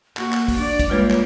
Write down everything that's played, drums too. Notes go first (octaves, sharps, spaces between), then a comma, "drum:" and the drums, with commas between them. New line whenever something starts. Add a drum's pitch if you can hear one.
A#3 F#4, drum: clap
drum: clap
drum: kick, open hi-hat
D4 D5
drum: kick, hi-hat
G3 G#3 A#3 F4 B4 C#5
drum: clap